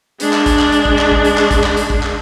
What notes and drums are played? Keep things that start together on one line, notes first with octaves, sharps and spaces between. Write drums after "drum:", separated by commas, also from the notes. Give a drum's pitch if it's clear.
G#3 D4, drum: hi-hat
drum: clap
drum: kick, hi-hat
drum: clap
drum: hi-hat
drum: kick
drum: clap
drum: kick
drum: hi-hat
drum: clap
drum: kick, hi-hat
drum: clap
drum: hi-hat
drum: kick
drum: clap